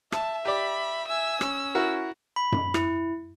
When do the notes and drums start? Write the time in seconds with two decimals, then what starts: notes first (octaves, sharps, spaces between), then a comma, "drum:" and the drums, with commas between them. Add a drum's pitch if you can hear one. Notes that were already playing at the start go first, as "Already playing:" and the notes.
0.12 E5 A5, drum: rim click
0.46 G4 D5 B5
1.08 E5 G#5 E6
1.41 C#4, drum: rim click
1.75 E4 F#4 A#4
2.36 B5
2.52 drum: tom F#2
2.74 E4, drum: rim click